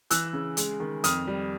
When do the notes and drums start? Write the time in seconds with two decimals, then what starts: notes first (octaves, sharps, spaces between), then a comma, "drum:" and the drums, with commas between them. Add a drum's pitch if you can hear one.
0.11 E3 E6 F#6, drum: hi-hat
0.33 C#3
0.57 G#3, drum: hi-hat
0.80 D#3
1.04 F2 D#6 F6, drum: hi-hat
1.27 G3